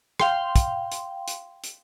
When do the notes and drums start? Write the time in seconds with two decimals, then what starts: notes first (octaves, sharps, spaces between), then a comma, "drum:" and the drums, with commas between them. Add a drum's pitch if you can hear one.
0.20 F5 G5 C6, drum: rim click
0.56 drum: kick, hi-hat
0.92 drum: hi-hat
1.28 drum: hi-hat
1.64 drum: hi-hat